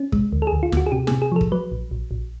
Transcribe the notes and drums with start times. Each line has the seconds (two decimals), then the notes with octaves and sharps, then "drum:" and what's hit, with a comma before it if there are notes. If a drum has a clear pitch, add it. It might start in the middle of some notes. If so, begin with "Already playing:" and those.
Already playing: C#4
0.12 G#3, drum: kick
0.32 D2
0.42 A4
0.47 G#4
0.53 D2
0.63 F4
0.72 D2 F#4, drum: snare
0.86 G#4
0.92 C3 G4
1.07 C3 G#4, drum: snare
1.22 G#4
1.32 F3 A4
1.41 drum: kick
1.52 F#3 B4
1.72 A#1
1.91 A#1
2.11 A#1